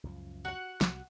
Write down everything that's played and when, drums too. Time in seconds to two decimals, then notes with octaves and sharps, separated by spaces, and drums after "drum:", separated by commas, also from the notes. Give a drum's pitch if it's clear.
0.03 C#2 F#2 F3
0.45 F#4 F#5
0.81 C2, drum: snare